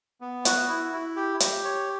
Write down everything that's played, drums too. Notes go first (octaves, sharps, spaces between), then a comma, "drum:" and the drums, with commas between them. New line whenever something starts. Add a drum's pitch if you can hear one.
B3
F#4, drum: hi-hat
E4
E4
G4
G4, drum: hi-hat
C#5